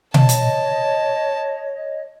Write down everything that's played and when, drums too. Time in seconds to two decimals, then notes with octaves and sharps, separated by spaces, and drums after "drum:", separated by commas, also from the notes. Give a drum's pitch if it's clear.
0.14 C#5 D#5 A5, drum: tom B2
0.29 drum: hi-hat